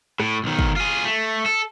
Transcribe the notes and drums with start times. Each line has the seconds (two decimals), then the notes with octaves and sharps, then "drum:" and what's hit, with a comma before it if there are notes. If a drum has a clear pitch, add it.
0.20 A2, drum: rim click
0.44 B1 D#3
0.59 drum: kick
0.76 F4 G#4
1.04 A3
1.46 A4